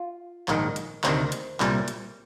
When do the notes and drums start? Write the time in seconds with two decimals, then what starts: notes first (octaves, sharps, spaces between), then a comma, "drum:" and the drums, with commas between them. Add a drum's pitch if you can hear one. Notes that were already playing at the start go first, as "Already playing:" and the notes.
Already playing: F4
0.48 A#1 G#2 D#3 G#3, drum: clap
0.76 drum: hi-hat
1.04 D2 C3 D#3 C5, drum: clap
1.32 drum: hi-hat
1.60 C2 A#2 G3, drum: clap
1.88 drum: hi-hat